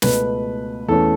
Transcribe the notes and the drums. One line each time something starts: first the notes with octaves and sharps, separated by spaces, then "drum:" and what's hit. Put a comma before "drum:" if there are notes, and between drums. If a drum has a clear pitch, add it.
C#2 B2 A3 B4, drum: snare
E2 E3 A3 C#4 A4